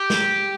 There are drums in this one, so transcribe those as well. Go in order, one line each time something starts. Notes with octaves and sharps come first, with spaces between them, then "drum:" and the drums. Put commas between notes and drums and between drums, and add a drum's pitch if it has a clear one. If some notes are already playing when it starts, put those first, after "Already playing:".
Already playing: G4
drum: snare